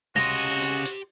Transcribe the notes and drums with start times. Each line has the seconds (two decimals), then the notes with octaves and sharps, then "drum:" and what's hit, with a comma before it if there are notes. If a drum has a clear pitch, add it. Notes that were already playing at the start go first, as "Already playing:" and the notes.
0.16 C#3 F#4 G4 D#5 C6 A#6, drum: tom
0.62 drum: hi-hat
0.85 drum: hi-hat